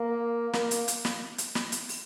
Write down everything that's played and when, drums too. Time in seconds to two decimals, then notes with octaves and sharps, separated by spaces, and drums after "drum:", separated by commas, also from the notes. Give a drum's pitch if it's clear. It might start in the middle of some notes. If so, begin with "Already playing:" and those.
Already playing: A#3
0.53 A#3, drum: snare
0.71 drum: hi-hat
0.88 drum: hi-hat
1.05 drum: snare
1.38 drum: hi-hat
1.55 drum: snare
1.72 drum: hi-hat
1.89 drum: open hi-hat